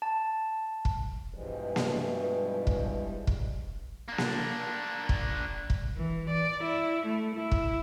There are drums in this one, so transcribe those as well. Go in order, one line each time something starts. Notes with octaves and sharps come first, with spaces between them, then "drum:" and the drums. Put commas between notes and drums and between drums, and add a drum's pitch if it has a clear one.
A5
drum: kick
G2 B2 E3 F3 G3 G#3
drum: snare A#3
drum: kick
drum: kick
A#3 D4
drum: snare A#3
drum: kick
drum: kick
E3
D5
E4
A3
E4
drum: kick